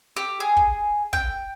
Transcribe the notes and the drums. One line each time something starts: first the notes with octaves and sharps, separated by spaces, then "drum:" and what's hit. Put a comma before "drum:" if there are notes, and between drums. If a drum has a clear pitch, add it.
G4
G#4
drum: kick
G5, drum: kick